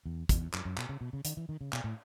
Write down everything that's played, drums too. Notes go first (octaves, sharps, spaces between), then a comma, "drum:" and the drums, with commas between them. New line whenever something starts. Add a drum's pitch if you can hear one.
E2
E2, drum: kick, hi-hat
F#2, drum: clap
F#2
B2, drum: clap
C#3
B2
C#3
D#3, drum: hi-hat
E3
D#3
C#3
B2, drum: clap
A2